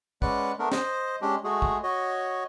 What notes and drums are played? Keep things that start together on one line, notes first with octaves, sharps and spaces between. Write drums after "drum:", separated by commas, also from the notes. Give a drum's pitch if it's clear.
G#3 C#4 B4 D5 F#5 F#6, drum: kick
A3 B3 D4 A#4
C5 D#5, drum: snare
G#3 C#4 D4 G4
G#3 A3 F#4 G#4
drum: kick
F#4 C#5 D#5